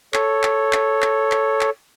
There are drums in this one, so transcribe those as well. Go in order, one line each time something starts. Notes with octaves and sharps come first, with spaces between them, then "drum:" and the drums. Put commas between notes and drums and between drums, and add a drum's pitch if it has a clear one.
A4 C#5, drum: clap
drum: clap
drum: clap
drum: clap
drum: clap
drum: clap